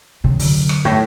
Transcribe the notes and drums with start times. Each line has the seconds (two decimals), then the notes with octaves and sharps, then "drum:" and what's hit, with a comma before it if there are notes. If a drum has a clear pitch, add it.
0.24 F#2 C3 D#3
0.39 D3 F#3, drum: open hi-hat
0.69 drum: rim click
0.85 A2